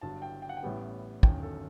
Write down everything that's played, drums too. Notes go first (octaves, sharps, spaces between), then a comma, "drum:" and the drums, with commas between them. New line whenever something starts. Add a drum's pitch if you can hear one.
G1 G2 F#3 A5
G5
G5
F#5
G5
A1 A2 G3 B3
G1 F#2 D#3 G5, drum: kick
A4